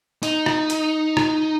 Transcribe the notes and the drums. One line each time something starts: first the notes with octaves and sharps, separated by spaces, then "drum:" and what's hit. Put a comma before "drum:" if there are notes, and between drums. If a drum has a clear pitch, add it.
D#4, drum: hi-hat
drum: rim click
drum: hi-hat
drum: rim click